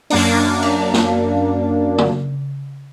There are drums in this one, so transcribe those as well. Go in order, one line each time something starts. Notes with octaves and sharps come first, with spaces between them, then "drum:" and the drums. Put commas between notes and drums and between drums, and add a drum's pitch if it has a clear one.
F#2 A#3 D4, drum: open hi-hat
drum: cymbal
drum: snare
drum: tom